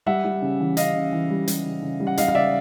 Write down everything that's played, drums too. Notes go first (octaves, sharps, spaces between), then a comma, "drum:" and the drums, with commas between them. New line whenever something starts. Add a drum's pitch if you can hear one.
G3 E5 F#5
G3
C#3
E3
C#3 D#5 F5, drum: hi-hat
C#3
E3
G3
G3, drum: hi-hat
C#3
C#3
G3
F#5
G3 D#5 F5, drum: hi-hat
F5
C#3 D5 E5